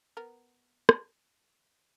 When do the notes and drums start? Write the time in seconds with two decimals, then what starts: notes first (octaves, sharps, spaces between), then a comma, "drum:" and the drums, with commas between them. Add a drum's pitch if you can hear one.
0.17 B3 A#4
0.89 drum: rim click